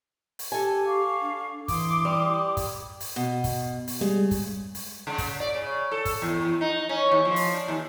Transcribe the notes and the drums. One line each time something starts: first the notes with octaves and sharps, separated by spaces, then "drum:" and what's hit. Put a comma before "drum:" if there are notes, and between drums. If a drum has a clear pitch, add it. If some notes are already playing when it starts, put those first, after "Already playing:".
drum: open hi-hat
G4 A4 G#5
F5 C#6 D6
D4
E3 C6 D6 D#6, drum: kick, open hi-hat
G3
drum: kick, open hi-hat
drum: open hi-hat
B2
drum: kick, open hi-hat
drum: open hi-hat
C#3 G3 G#3
drum: kick, open hi-hat
drum: open hi-hat
C#3
drum: kick, open hi-hat
D5
C#3
A4
drum: kick, open hi-hat
E2
D#4
C#4
D#2
F3
drum: open hi-hat
D4
D#2